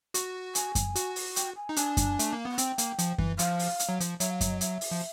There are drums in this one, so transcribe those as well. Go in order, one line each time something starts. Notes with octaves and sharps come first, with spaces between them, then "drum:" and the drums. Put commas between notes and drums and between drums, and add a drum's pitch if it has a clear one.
F#4, drum: hi-hat
G#5, drum: hi-hat
drum: kick F#2, hi-hat
F#4, drum: hi-hat
drum: open hi-hat
G5, drum: hi-hat
G#5
D#4
D4 G#5, drum: hi-hat
drum: kick F#2, hi-hat
A3, drum: hi-hat
A#3
B3
F#5
C4 G5, drum: hi-hat
A#3, drum: hi-hat
F3, drum: hi-hat
E3, drum: kick F#2
F3 F5, drum: hi-hat
drum: open hi-hat
drum: hi-hat
F#3
F3, drum: hi-hat
F#3 E5, drum: hi-hat
F5
E5, drum: kick F#2, hi-hat
D#5
E5, drum: hi-hat
drum: open hi-hat
F3